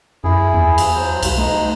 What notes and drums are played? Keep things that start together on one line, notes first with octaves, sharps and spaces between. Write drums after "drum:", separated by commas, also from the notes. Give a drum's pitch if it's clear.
F#2 E4 G#4
E2
drum: cymbal
F#3 C5
C2, drum: cymbal
A3 D#4